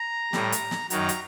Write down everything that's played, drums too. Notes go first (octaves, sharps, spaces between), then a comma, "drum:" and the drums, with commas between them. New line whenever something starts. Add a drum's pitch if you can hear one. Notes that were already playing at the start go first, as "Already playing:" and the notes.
Already playing: A#5
A2 G3, drum: snare
drum: hi-hat
drum: snare
F#2 D#3 F#3 A#5, drum: hi-hat
drum: hi-hat